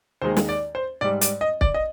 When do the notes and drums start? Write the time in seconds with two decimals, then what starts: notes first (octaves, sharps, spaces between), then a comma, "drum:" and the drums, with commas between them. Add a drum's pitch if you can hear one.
0.22 D#2 D#3 G#3 C5
0.37 drum: snare
0.49 D5
0.75 C5
1.01 G#2 G3 D5
1.21 D5, drum: hi-hat
1.41 D#5
1.61 D5, drum: kick
1.74 D#5